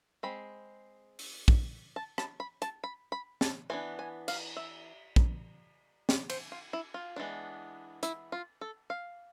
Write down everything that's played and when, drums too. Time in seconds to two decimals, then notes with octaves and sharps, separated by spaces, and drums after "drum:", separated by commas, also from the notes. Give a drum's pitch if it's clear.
0.23 G#3 C4 B5
1.19 drum: open hi-hat
1.48 drum: kick
1.96 A5
2.18 A5, drum: rim click
2.40 B5
2.62 A5, drum: hi-hat
2.84 B5
3.12 B5
3.41 A5, drum: snare
3.70 E3 B3 D4 G#5
3.99 G#5
4.28 F5, drum: cymbal
4.56 E5
5.16 drum: kick
6.09 drum: snare
6.30 C5, drum: cymbal
6.52 F4
6.73 E4
6.94 F4
7.16 E3 G#3 B3 D4
8.03 E4, drum: hi-hat
8.32 F4
8.61 A4
8.90 F5